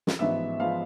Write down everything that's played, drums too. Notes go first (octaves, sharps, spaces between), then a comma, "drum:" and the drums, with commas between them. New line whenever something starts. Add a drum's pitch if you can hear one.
drum: snare
A1 G#2 F3 G#3 B3 E5
F3 G#3 B3 F5